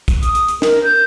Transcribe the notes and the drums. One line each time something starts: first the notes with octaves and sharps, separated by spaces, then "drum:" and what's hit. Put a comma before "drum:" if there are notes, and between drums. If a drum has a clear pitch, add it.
drum: kick, hi-hat
D#6, drum: hi-hat
drum: hi-hat
drum: hi-hat
A#4, drum: snare
G6